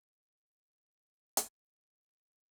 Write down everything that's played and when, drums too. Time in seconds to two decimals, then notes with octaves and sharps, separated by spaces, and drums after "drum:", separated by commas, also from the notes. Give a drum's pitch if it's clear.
0.11 F#4 C5 C#5 E5
0.91 A#2
1.37 drum: hi-hat